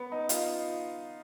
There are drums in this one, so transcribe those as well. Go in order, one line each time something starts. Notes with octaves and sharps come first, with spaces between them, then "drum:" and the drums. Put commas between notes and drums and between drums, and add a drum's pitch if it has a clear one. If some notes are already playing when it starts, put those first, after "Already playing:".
Already playing: B3
D#4
F4, drum: hi-hat